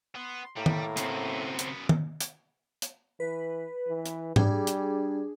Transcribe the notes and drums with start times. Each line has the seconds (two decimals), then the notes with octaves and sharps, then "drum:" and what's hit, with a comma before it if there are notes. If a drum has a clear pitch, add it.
0.16 B3 C6
0.57 A2 G3 A#3 E4
0.66 drum: tom D#3
0.97 F#2 C#3 B3 C4, drum: hi-hat
1.59 drum: hi-hat
1.89 drum: tom D#3
2.20 drum: hi-hat
2.82 drum: hi-hat
3.20 E3 B4
3.88 E3
4.05 drum: hi-hat
4.36 G3 D4 G#4, drum: tom G#2
4.67 drum: hi-hat